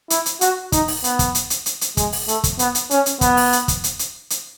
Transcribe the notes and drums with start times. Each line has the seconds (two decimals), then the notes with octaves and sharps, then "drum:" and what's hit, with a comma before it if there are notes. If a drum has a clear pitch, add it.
0.10 E4, drum: hi-hat
0.26 drum: hi-hat
0.41 F#4, drum: hi-hat
0.72 D#4, drum: kick, hi-hat
0.88 drum: open hi-hat
1.04 B3, drum: hi-hat
1.19 drum: kick, hi-hat
1.35 drum: hi-hat
1.50 drum: hi-hat
1.66 drum: hi-hat
1.81 drum: hi-hat
1.97 G#3, drum: kick, hi-hat
2.12 drum: open hi-hat
2.28 A3, drum: hi-hat
2.44 drum: kick, hi-hat
2.59 B3, drum: hi-hat
2.75 drum: hi-hat
2.91 C#4, drum: hi-hat
3.06 drum: hi-hat
3.21 B3, drum: kick, hi-hat
3.37 drum: open hi-hat
3.53 drum: hi-hat
3.68 drum: kick, hi-hat
3.84 drum: hi-hat
3.99 drum: hi-hat
4.30 drum: hi-hat